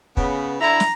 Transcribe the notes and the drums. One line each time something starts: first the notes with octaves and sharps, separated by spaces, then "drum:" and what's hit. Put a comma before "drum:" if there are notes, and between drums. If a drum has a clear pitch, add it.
C#3 B3, drum: kick
D3 E4 A#5
drum: snare